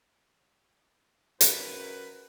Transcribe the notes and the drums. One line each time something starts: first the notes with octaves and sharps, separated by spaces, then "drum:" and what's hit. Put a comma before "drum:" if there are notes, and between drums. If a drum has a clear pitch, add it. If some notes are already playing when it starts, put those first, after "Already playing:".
F#2 A#4 B4, drum: hi-hat